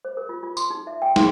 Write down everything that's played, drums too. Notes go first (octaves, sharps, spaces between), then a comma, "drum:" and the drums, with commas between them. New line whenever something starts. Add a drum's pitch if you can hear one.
C5
A#4
F4
F4
C6, drum: tambourine
D#4
E5
G5
C6, drum: snare